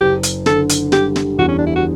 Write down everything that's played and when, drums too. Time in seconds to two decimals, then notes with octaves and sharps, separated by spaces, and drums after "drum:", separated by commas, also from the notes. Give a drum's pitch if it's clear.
0.01 F#1 G4
0.23 drum: hi-hat
0.46 D3 A4, drum: snare
0.69 drum: hi-hat
0.92 G3 G4, drum: snare
1.16 drum: snare
1.38 E2 F#4
1.48 C#4
1.58 D4
1.66 E4
1.76 F#4